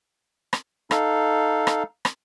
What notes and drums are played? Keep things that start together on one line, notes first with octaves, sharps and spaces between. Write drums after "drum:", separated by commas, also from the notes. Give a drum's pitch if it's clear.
drum: rim click
D#4 A4 F5, drum: rim click
drum: rim click
drum: rim click